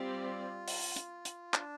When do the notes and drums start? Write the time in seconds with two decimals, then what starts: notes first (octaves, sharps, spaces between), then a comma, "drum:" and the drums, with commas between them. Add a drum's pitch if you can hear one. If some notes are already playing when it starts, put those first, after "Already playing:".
Already playing: G3 C4 F4 G4 D5
0.68 drum: open hi-hat
0.96 drum: hi-hat
1.25 drum: hi-hat
1.54 D4, drum: clap